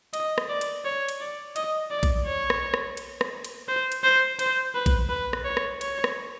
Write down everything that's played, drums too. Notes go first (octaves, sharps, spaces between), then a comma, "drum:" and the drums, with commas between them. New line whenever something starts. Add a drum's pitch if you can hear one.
D#5, drum: cymbal
drum: rim click
D5
drum: cymbal
C#5
drum: cymbal
D5
D#5, drum: cymbal
D5
drum: kick A#1, cymbal
C#5
drum: rim click
drum: rim click
drum: cymbal
drum: rim click
drum: cymbal
C5
drum: cymbal
C5
C5, drum: cymbal
B4
drum: kick A#1, cymbal
B4
drum: rim click
C#5
drum: rim click
C#5, drum: cymbal
drum: rim click